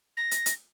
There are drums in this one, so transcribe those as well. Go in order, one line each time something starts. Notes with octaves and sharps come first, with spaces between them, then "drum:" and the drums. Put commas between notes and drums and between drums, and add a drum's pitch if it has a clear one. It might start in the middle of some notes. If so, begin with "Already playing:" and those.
A#6
drum: hi-hat
drum: hi-hat